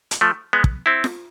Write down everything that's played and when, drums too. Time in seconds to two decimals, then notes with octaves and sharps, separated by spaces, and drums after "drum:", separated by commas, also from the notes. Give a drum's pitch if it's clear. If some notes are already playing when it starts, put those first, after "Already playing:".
0.11 drum: hi-hat
0.21 F3 A3
0.53 G#3 B3
0.64 drum: kick
0.86 C4 E4
1.04 drum: snare F4